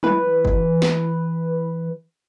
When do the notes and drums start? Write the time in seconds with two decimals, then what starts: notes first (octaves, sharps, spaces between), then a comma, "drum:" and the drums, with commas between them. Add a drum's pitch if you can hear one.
0.03 E3 B4, drum: tom F#3
0.45 drum: kick F#1
0.82 drum: snare